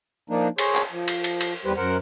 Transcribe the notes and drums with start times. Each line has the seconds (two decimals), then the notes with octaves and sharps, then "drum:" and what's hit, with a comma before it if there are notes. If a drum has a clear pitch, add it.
0.30 F3 A#3 D4 D#4
0.58 G#4 C5 C#5, drum: cymbal
0.75 drum: clap
0.91 F3
1.08 drum: cymbal
1.24 drum: cymbal
1.41 drum: cymbal
1.65 E2 G3 G4 B4 C5
1.77 F#2 A#4 C5 F#5